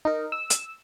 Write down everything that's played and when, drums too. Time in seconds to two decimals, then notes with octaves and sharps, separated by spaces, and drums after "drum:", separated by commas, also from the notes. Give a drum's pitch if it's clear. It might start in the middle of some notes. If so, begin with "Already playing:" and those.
0.05 D#4 A#4
0.32 E6
0.50 drum: hi-hat